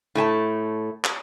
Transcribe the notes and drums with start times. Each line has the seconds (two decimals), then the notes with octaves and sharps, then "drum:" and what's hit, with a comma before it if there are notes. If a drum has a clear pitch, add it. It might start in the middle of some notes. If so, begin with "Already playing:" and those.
0.15 A2 A3 G#5 A5
1.04 drum: clap